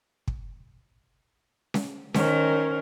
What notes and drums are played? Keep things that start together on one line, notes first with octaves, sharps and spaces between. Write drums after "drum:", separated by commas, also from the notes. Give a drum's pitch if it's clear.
drum: kick
drum: snare C#4
D#3 C#4 A#4 C5, drum: snare C#4